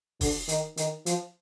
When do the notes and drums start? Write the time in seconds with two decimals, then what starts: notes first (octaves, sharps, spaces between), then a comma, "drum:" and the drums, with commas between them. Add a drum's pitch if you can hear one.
0.21 D3, drum: kick, open hi-hat
0.48 D#3, drum: hi-hat
0.77 D#3, drum: hi-hat
1.06 F3, drum: hi-hat